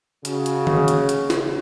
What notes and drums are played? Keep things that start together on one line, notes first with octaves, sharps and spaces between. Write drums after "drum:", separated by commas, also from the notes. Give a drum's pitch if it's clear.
C#3 F#4, drum: hi-hat
drum: hi-hat
drum: tom D3
drum: hi-hat
drum: hi-hat
drum: snare